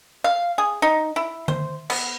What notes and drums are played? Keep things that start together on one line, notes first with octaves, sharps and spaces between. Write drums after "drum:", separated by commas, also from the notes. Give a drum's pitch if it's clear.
F5
G#4
D#4
E4
C5, drum: tom D3
B3, drum: cymbal